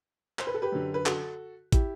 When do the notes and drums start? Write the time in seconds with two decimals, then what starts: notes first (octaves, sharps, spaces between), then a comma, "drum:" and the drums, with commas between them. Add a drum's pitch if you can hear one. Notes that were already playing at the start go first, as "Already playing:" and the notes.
0.39 C5, drum: clap
0.47 B4
0.54 A4
0.62 G4 B4
0.72 F#2 D3
0.94 B4
1.06 F#4 A4, drum: clap
1.72 E4 G4, drum: kick, hi-hat